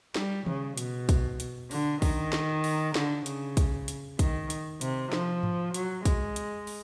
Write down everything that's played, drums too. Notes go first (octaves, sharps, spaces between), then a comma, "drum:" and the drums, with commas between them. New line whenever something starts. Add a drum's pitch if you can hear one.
G3, drum: snare
C#3, drum: tom D#3
B2, drum: hi-hat
drum: kick, hi-hat
drum: hi-hat
D3, drum: open hi-hat
D#3, drum: kick, open hi-hat
drum: snare
drum: open hi-hat
D3, drum: snare
C#3, drum: hi-hat
drum: kick, hi-hat
drum: hi-hat
D#3, drum: kick, hi-hat
drum: hi-hat
C3, drum: hi-hat
F3, drum: snare
drum: tom G#2
F#3, drum: hi-hat
G#3, drum: kick, hi-hat
drum: hi-hat
drum: open hi-hat